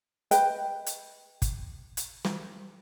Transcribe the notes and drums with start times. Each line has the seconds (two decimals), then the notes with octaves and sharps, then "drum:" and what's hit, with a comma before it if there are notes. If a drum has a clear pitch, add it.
0.31 B4 D#5 G5, drum: hi-hat
0.86 drum: hi-hat
1.42 drum: kick, hi-hat
1.97 drum: hi-hat
2.25 drum: snare